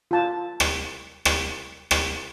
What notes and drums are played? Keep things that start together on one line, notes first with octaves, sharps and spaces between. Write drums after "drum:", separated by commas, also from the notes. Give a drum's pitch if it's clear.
F4 A5
drum: rim click
drum: rim click
drum: rim click